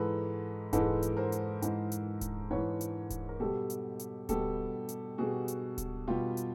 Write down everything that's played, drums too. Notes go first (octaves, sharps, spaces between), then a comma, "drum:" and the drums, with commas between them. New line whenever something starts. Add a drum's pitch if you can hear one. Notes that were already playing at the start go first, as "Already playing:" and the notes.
Already playing: G#2 E3 G#3 A4 B4
G#2 E3 G#3 A4 B4, drum: kick D1, hi-hat
drum: hi-hat
A#4 C5
drum: hi-hat
G#2 E3 G#3, drum: hi-hat
drum: hi-hat
drum: kick D1, hi-hat
G#2 E3 G#3 B4 C#5
drum: hi-hat
drum: kick D1, hi-hat
A#4
B2 G3 G4 A4
drum: hi-hat
drum: hi-hat
B2 G3 G4 A4, drum: kick D1, hi-hat
drum: hi-hat
B2 G3 F#4 G#4
drum: hi-hat
drum: kick D1, hi-hat
B2 G3 F4 G4
drum: hi-hat